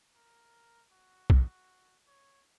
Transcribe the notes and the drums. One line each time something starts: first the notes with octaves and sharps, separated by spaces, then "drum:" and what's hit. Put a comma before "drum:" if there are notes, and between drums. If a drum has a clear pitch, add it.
A#4
F#4
drum: kick B1
C#5